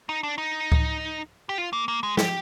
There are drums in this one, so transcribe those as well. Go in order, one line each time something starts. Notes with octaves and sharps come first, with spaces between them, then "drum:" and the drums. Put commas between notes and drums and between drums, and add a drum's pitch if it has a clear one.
D#4
D4
D#4
drum: kick C#2
G4
F4
A#3
A#3
G#3
G4, drum: snare